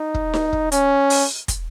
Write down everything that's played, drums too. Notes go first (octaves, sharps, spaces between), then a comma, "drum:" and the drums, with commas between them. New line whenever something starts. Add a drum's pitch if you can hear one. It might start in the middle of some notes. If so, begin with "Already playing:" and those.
Already playing: D#4
drum: kick
drum: snare D#4
drum: kick
C#4, drum: hi-hat
drum: open hi-hat
drum: kick, hi-hat